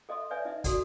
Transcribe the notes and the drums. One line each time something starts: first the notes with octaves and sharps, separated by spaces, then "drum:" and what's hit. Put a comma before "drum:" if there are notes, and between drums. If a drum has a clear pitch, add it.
A4 D#5 E5 C6
B4 C#5 D5 E5 G#5
D#4 D#5 E5
F#4 A4 D5, drum: kick, hi-hat